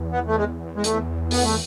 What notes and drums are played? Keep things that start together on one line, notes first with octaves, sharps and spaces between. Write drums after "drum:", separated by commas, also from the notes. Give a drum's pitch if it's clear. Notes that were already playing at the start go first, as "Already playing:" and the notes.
Already playing: E2
B3
A3
G#3
G#3
A3, drum: hi-hat
B3, drum: open hi-hat
A3